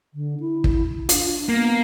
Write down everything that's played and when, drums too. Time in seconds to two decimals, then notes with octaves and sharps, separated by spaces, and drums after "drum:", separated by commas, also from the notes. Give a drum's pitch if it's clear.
0.14 D3
0.40 E4
0.64 drum: kick
1.09 D4 F4, drum: hi-hat
1.49 A#3 B3